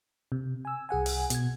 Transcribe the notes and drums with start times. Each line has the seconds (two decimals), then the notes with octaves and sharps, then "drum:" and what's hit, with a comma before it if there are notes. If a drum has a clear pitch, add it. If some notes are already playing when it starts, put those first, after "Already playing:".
0.32 C3
0.65 G#5 E6
0.89 C2 G#4 F#5 G#5
1.06 drum: open hi-hat
1.30 B2 G#6, drum: hi-hat